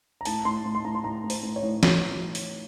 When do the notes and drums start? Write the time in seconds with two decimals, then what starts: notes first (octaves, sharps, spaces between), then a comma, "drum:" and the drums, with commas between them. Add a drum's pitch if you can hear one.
0.21 A#5
0.25 A2 A5, drum: open hi-hat
0.45 A2 C6
0.66 A2
0.75 C6
0.85 A2 A#5
0.95 C6
1.04 A2 A#5
1.24 A2
1.30 C5, drum: open hi-hat
1.43 A2
1.56 C#5
1.63 A2
1.83 drum: snare
2.35 drum: open hi-hat